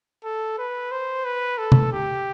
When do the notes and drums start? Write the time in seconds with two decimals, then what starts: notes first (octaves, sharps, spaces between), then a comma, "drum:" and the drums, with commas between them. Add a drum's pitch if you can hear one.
0.24 A4
0.58 B4
0.92 C5
1.25 B4
1.58 A4
1.72 drum: tom C3
1.92 G4